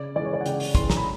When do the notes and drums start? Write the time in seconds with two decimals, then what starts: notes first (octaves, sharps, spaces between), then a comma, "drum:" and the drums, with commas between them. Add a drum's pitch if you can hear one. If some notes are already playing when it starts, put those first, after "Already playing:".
Already playing: C#3 D5
0.16 E3 G#3 D5
0.25 C#5
0.34 D5
0.41 F#5
0.46 C#3 G5, drum: hi-hat
0.60 drum: open hi-hat
0.75 E3 G#3 C6, drum: kick, hi-hat
0.90 A#5, drum: snare
0.97 B5